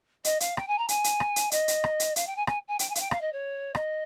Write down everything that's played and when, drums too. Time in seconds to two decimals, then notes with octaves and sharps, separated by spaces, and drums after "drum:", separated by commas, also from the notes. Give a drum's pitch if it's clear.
0.24 D#5, drum: hi-hat
0.40 F5, drum: hi-hat
0.57 G5, drum: rim click
0.68 G#5
0.78 A#5
0.89 G#5, drum: hi-hat
1.04 drum: hi-hat
1.20 drum: rim click
1.36 drum: hi-hat
1.51 D#5, drum: hi-hat
1.68 drum: hi-hat
1.84 drum: rim click
2.00 drum: hi-hat
2.16 F5, drum: hi-hat
2.27 G5
2.36 G#5
2.47 G#5, drum: rim click
2.68 G#5
2.79 G5, drum: hi-hat
2.90 G#5
2.95 F5, drum: hi-hat
3.00 G5
3.11 F5, drum: rim click
3.21 D#5
3.33 C#5
3.75 D#5, drum: rim click